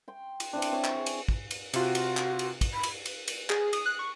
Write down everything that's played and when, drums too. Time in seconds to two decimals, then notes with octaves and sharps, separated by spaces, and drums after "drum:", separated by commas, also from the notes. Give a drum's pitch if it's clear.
0.08 G5 C6
0.40 drum: cymbal
0.53 E3 C4 D4
0.62 drum: cymbal
0.72 C4 C#5
0.84 drum: clap
0.95 G#4
1.06 drum: cymbal
1.28 drum: kick
1.51 drum: cymbal
1.73 C3 F4 F#4, drum: cymbal
1.95 drum: cymbal
2.17 drum: clap
2.39 drum: cymbal
2.61 drum: kick, cymbal
2.74 B5
2.83 drum: cymbal
3.05 drum: cymbal
3.28 drum: cymbal
3.50 G#4, drum: clap
3.73 D#6, drum: cymbal
3.86 F#6
3.99 C#6